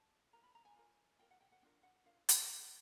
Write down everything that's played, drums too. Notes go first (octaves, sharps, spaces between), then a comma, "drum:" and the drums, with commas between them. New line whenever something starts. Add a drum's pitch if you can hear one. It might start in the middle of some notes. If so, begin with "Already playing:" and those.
Already playing: A5
F4 A#4 A#5
B5
A#5
G#5
F4 A#4
F4 A#4 G5
F#5
G5
F#5
D4 F4 A#4 G5
F#5
D4 F4 A#4 F5
drum: hi-hat